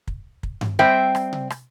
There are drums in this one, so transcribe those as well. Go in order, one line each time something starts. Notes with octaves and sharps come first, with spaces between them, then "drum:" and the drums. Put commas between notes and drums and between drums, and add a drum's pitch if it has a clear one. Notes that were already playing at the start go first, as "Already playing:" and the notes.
drum: kick
drum: kick
drum: tom G2
G3 C4 C5 E5 G5
drum: rim click
drum: tom C3
drum: rim click